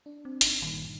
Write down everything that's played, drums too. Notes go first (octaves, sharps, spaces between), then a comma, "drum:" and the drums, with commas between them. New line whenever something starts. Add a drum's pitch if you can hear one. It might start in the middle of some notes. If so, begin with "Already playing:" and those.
D4
C4
G#1 D#4, drum: hi-hat
G2 A#2 D#3